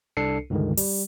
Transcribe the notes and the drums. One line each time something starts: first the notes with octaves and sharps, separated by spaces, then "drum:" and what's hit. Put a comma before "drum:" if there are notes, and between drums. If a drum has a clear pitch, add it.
C2 D4 A4 C7 C#7
C#2 G2 D3 D#3 G#3
G3, drum: open hi-hat